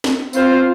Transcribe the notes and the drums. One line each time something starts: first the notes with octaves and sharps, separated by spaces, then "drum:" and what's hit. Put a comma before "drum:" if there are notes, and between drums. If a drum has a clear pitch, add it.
drum: snare
C4 F4 C5, drum: tambourine